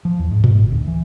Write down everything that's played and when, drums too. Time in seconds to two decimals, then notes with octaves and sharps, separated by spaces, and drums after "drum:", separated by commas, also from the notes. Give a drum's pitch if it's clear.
0.05 F3
0.19 E2
0.31 G#2
0.44 G#2, drum: tom A2
0.58 G1
0.71 D2
0.87 E3